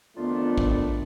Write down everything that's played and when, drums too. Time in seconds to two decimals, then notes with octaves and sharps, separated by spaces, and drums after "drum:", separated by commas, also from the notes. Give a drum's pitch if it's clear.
0.17 F2 D#3 A3 B3 D4 F4
0.58 drum: kick A1